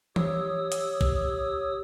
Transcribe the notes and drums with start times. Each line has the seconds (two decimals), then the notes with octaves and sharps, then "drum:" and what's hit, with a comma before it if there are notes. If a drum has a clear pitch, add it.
0.16 G4 C#5 D#6 E6, drum: tom E3
0.72 drum: hi-hat
1.01 drum: kick